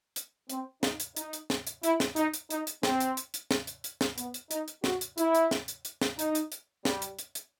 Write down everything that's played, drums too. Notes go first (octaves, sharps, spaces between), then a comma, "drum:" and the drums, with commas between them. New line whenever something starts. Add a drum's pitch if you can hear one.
drum: hi-hat
C4, drum: hi-hat
D#4, drum: snare
drum: hi-hat
D#4, drum: hi-hat
drum: hi-hat
drum: snare
drum: hi-hat
E4, drum: hi-hat
drum: snare
D#4, drum: hi-hat
drum: hi-hat
D#4, drum: hi-hat
drum: hi-hat
C4, drum: snare
drum: hi-hat
drum: hi-hat
drum: hi-hat
drum: snare
drum: hi-hat
drum: hi-hat
drum: snare
B3, drum: hi-hat
drum: hi-hat
D#4, drum: hi-hat
drum: hi-hat
F#4, drum: snare
drum: hi-hat
E4, drum: hi-hat
drum: hi-hat
drum: snare
drum: hi-hat
drum: hi-hat
drum: snare
D#4, drum: hi-hat
drum: hi-hat
drum: hi-hat
G3, drum: snare
drum: hi-hat
drum: hi-hat
drum: hi-hat